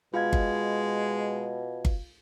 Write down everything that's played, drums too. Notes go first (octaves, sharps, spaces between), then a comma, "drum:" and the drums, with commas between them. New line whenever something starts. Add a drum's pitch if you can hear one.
B2 G#3 F4 F5 G#6
drum: kick G1
drum: kick G1